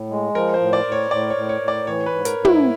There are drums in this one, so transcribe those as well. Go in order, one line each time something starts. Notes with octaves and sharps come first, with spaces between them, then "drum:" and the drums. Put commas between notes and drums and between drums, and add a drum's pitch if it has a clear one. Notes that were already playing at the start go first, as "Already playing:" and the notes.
Already playing: A2
G#3
F3 A#4
C5
A2
D5
A2
C#5
A2 D5
C#5
A2
C#5
A2
D5
E3 C#5
B4
G#2
A#4, drum: hi-hat
G#2
E4, drum: tom